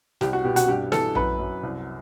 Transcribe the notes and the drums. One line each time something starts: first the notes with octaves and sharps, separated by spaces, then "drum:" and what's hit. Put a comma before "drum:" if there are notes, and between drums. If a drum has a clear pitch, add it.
C2 G4, drum: snare
F#4
B2 G4
F#4, drum: hi-hat
G2 G4
E3 A4, drum: snare
F#2 B4, drum: tom A#1
F#2
C2